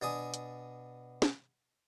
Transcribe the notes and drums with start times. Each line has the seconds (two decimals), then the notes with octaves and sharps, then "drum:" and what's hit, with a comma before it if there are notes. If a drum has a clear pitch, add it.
0.02 B2 D4 G#5 D#6
0.34 drum: hi-hat
1.22 drum: snare